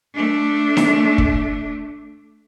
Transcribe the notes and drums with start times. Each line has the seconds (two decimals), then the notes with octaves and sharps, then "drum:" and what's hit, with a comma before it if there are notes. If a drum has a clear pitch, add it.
0.14 A3 D4
0.77 drum: snare D#4
1.18 drum: kick